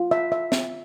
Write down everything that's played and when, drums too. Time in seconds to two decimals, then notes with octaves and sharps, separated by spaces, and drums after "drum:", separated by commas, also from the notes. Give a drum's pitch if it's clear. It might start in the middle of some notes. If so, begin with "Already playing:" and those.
Already playing: F4
0.11 E5
0.32 E5
0.52 E5, drum: snare